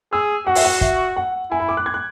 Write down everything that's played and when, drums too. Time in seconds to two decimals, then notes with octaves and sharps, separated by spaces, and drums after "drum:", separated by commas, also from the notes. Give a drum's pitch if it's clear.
0.12 G#4 E6
0.46 F#4 F#5
0.55 E5, drum: open hi-hat
0.65 F#5
0.81 E5, drum: kick
1.16 F#5
1.51 E4 G#5
1.60 B5
1.69 D6
1.77 F#6
1.86 G#6
1.94 F#6